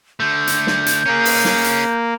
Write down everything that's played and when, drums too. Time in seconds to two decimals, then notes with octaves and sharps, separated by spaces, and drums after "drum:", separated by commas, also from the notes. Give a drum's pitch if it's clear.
0.20 D3 A3 G6
0.47 drum: hi-hat
0.67 drum: snare
0.86 drum: hi-hat
1.06 A#3 C#4 G#4
1.25 drum: open hi-hat
1.45 drum: snare
1.64 drum: hi-hat